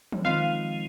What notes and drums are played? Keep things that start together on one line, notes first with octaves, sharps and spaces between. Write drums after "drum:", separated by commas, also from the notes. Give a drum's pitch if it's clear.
drum: tom
D#3 F3 G#3 C4 F4 B4 D#5 F5